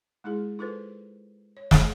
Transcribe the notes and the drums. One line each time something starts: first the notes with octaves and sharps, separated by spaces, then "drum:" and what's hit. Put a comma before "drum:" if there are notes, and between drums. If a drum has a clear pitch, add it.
G#3 D#4 E4 G#4
D#4 F4 A4 B4 C5
C#5
drum: snare